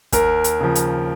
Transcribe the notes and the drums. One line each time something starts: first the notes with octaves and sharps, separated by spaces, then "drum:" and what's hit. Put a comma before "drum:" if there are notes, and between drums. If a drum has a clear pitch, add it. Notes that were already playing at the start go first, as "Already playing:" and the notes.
D#2 A#4, drum: kick, hi-hat
drum: hi-hat
C#3 F3
drum: hi-hat